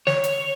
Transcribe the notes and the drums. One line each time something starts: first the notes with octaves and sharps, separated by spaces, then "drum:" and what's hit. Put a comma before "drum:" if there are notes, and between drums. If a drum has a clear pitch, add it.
C#5, drum: snare
drum: hi-hat